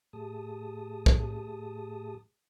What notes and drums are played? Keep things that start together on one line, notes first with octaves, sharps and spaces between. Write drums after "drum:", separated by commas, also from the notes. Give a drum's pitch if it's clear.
A2 A3 G4 G#4 A5 D#6
drum: kick